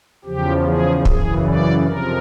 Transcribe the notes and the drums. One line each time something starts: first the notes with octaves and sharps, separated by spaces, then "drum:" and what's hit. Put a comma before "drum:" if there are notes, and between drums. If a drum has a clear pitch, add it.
E2 C#3 F3 G4
G#4
F#2 C#3 E3 G#4, drum: kick
D5
F2 C3 F3 A#4